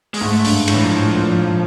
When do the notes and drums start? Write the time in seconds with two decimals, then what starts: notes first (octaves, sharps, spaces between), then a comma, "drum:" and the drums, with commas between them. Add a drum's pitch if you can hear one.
0.14 G#3, drum: open hi-hat
0.21 G#2 A3
0.45 G2, drum: open hi-hat
0.68 A2, drum: cymbal
0.75 E3
0.84 F3
0.92 A2
1.15 A#2